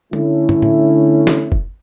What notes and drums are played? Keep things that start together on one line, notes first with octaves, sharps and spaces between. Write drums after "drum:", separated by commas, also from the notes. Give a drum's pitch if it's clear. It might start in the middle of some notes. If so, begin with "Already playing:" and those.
D3 A3 C#4 E4, drum: tom
drum: tom
drum: tom
drum: snare
drum: kick